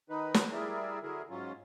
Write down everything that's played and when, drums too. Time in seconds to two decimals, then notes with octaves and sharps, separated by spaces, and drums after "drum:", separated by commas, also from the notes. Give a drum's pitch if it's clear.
0.10 D#3 D#4 B4
0.34 drum: snare
0.53 G3 E4 G#4 A#4 D5 E5
1.03 D3 F#3 E4 G#4 A#4
1.30 G#2 F#3 C#4 F4